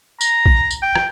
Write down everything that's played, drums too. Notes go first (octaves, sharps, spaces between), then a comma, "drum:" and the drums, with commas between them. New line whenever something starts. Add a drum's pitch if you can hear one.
A#5, drum: tambourine
drum: kick
drum: tambourine
G5
drum: rim click